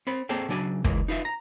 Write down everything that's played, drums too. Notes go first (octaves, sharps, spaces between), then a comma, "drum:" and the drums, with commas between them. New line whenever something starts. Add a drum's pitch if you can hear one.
C4 B5
A#3 C4 G#4 A4 G5
C#3 F#3 D4 G#5
C#3 E3 G#3 A#3, drum: kick
D#4 F4 B4 E5
A#5